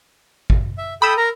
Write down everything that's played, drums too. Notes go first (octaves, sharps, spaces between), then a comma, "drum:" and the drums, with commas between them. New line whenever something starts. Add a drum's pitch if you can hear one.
drum: kick G#1
E5
A4 G5 B5 D#6 E6
A#4 A#5